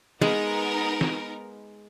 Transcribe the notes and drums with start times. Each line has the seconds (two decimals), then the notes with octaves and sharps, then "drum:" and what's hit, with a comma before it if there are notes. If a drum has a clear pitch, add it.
0.22 G#3 B3 D#4 A#4, drum: snare
1.01 drum: snare